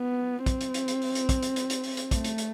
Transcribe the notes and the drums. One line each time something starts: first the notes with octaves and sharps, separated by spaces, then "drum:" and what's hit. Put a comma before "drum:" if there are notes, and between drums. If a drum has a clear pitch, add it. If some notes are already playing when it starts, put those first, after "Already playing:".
Already playing: B3
C4, drum: kick, hi-hat
drum: hi-hat
drum: hi-hat
drum: hi-hat
drum: open hi-hat
drum: hi-hat
drum: kick, hi-hat
drum: hi-hat
drum: hi-hat
drum: hi-hat
drum: open hi-hat
drum: hi-hat
A3, drum: kick, hi-hat
drum: hi-hat
drum: hi-hat